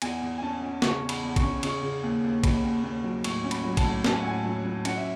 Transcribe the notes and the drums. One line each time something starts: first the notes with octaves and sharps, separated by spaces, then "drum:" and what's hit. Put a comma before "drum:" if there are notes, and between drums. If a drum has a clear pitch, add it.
E2 G#5, drum: cymbal
E2
G#5
C#4 A5
C#4
C#3 C#6, drum: snare
E2
B5, drum: cymbal
E2
C#6, drum: kick A1, cymbal
C#4
C#3 C#6, drum: cymbal
C#3
D#2
D#2
D#2 B5, drum: kick A1, cymbal
D#2
D#2
F#3
A2 C#6, drum: cymbal
C#4
B5, drum: cymbal
F#3
A5, drum: kick A1, cymbal
A2
C#4 A5, drum: snare
G#5
F#5
A2 G#5
F#3
F#3
C#4 F#5, drum: cymbal
E5